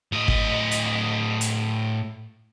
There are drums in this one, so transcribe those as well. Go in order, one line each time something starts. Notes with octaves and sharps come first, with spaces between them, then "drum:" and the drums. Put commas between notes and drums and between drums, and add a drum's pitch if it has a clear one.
A2 D#5
drum: kick G#1
drum: hi-hat
drum: hi-hat